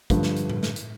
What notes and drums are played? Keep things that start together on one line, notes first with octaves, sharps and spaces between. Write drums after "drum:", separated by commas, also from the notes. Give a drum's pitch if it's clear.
G2 D3 F3, drum: kick, hi-hat
drum: snare
drum: hi-hat
drum: tom A2
drum: snare
drum: hi-hat